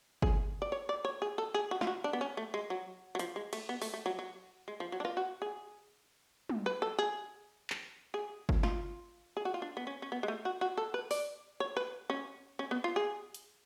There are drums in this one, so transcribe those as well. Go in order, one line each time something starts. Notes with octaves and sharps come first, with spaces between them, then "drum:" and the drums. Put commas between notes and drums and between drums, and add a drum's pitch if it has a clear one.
G#4, drum: kick G1
D5
C#5
D5
C#5
G#4
A4
G#4
F#4
F4, drum: snare
F#4
D4
B3
C#4
A3
G#3
F#3
F#3
F3, drum: hi-hat
G#3
A3, drum: cymbal
B3
A3, drum: open hi-hat
A3
F#3
F#3
G#3
F3
F#3
D4
F4, drum: rim click
F#4
G#4
drum: tom
B4
A4
G#4
drum: clap
G#4
drum: kick G1
F4, drum: snare
G#4
F#4
F4
D4
B3
C#4
C#4
B3
G#3
A3
F#4
F#4
A4
B4
D5, drum: open hi-hat
C#5
B4
C#4
C#4
B3
F4
G#4
drum: hi-hat